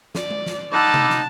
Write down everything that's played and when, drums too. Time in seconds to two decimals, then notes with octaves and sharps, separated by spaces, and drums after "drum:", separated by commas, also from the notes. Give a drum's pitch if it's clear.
0.15 D5, drum: snare
0.31 drum: tom G#3
0.46 drum: snare
0.73 D#4 F#5 A5 B5 D6 E6
0.94 drum: tom C3
1.10 drum: snare